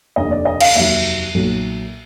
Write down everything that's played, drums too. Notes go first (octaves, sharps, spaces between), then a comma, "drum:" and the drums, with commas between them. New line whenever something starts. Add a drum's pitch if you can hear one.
F1 D#2 D3 D#5
D5
D#5
F5, drum: cymbal
F1 D#2 D#3 F#3 E5
B1 A#2 F#3